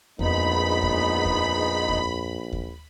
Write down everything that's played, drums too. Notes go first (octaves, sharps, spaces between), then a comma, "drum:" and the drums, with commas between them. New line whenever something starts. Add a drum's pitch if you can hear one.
A#1 F2 G#3 B3 D#4 B5, drum: kick D#2
drum: kick D#2
drum: kick D#2
drum: kick D#2
drum: kick D#2